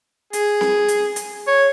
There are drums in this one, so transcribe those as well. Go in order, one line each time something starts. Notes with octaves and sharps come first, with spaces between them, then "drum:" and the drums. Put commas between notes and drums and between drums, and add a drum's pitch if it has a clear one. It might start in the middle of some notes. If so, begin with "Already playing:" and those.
G#4, drum: hi-hat
drum: snare C4
drum: hi-hat
drum: hi-hat
C#5